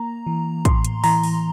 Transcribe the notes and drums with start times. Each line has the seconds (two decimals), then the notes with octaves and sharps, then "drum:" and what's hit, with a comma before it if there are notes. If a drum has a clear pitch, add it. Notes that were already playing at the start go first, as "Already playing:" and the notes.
Already playing: A#3 A#5
0.27 E3
0.65 A2 C6, drum: kick, hi-hat
0.85 drum: hi-hat
1.04 E3 A#5, drum: open hi-hat
1.23 drum: open hi-hat